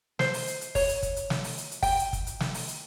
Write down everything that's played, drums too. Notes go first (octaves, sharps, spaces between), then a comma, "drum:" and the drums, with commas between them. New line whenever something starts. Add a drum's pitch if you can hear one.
C5, drum: snare
drum: open hi-hat
drum: hi-hat
drum: hi-hat
C#5, drum: kick, open hi-hat
drum: hi-hat
drum: kick, hi-hat
drum: hi-hat
drum: snare
drum: open hi-hat
drum: hi-hat
drum: hi-hat
G5, drum: kick, open hi-hat
drum: hi-hat
drum: kick, hi-hat
drum: hi-hat
drum: snare
drum: open hi-hat
drum: hi-hat